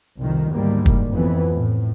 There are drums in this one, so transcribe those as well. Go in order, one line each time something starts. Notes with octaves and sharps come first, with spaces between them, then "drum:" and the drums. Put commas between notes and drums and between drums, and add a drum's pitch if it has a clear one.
C2 F2 D#3
D2 G#2 D#3 G3 A#3
drum: kick
F2 E3 B3
A2